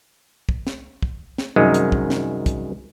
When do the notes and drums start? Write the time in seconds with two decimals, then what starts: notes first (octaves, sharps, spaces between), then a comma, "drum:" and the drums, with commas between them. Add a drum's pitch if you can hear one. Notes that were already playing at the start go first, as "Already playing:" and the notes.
0.49 drum: kick
0.67 drum: snare
1.03 drum: kick
1.38 drum: snare
1.56 C2 F#2 D#3 G#3
1.74 drum: hi-hat
1.92 drum: kick
2.10 drum: snare
2.46 drum: kick, hi-hat